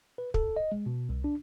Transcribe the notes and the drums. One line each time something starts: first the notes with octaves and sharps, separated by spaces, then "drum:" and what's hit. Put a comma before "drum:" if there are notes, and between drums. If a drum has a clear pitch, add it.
B4
A4, drum: kick
D#5
G#3
B2
C2
D4